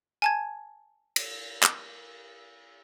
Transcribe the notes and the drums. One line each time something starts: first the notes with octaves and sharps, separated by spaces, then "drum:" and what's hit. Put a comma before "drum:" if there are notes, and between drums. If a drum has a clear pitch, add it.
G#5 A5 G#6
drum: cymbal
drum: clap